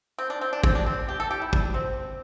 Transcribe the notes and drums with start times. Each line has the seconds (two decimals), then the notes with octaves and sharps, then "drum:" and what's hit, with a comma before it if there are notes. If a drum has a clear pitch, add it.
0.19 C4
0.30 D4
0.41 C4
0.53 D4
0.64 C4, drum: kick
0.75 D4
0.86 C4
1.09 G4
1.20 A4
1.31 G4
1.42 E4
1.53 D4, drum: kick
1.74 C4